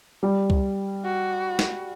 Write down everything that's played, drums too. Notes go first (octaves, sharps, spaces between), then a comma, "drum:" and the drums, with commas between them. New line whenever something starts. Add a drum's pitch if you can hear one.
G3
drum: kick C2
F#4
drum: snare